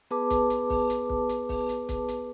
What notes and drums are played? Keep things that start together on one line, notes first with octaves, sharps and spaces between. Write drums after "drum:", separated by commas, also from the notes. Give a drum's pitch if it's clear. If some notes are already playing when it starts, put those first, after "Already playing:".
B3 G#4 B4 A5 D6
drum: kick, hi-hat
drum: hi-hat
drum: kick, open hi-hat
drum: hi-hat
drum: kick
drum: hi-hat
drum: kick, open hi-hat
drum: hi-hat
drum: kick, hi-hat
drum: hi-hat